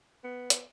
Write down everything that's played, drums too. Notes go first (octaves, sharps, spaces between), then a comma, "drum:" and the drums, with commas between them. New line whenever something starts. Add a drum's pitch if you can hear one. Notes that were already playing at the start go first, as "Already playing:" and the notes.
B3
drum: hi-hat